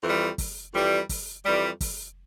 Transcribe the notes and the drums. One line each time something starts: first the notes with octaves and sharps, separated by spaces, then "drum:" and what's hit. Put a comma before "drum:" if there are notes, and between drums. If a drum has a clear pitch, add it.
F2 E3 G3
drum: kick, open hi-hat
F2 E3 G3
drum: kick, open hi-hat
F2 E3 G3
drum: kick, open hi-hat